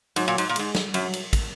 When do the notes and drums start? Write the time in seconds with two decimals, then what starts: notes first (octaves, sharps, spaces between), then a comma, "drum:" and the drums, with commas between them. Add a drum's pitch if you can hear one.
0.16 G#2 F#3, drum: cymbal
0.28 A#2
0.38 G#2, drum: cymbal
0.49 A#2
0.56 G#2 G#3, drum: cymbal
0.75 drum: snare
0.94 F#2 F#3, drum: cymbal
1.13 drum: cymbal
1.33 drum: kick, cymbal